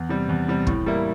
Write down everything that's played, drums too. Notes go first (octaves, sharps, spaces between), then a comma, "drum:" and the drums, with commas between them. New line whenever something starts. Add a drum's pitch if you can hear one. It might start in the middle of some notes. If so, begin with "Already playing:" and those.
Already playing: E2
C3 G3
E2
C3 G3
A2, drum: kick
G3 A#3 E4